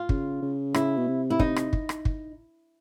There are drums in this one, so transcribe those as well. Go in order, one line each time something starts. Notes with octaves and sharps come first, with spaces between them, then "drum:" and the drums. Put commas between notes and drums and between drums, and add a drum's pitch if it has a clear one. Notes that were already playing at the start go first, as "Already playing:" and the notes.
Already playing: F4
C#3, drum: kick
C#3
C#3 E4, drum: rim click
B2
C3
E4
D#4, drum: kick
drum: rim click
drum: kick
drum: rim click
drum: kick